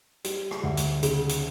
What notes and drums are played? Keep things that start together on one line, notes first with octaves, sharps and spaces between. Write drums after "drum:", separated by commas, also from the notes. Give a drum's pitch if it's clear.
G3, drum: hi-hat
drum: rim click
D2
drum: hi-hat
C#3, drum: hi-hat
drum: hi-hat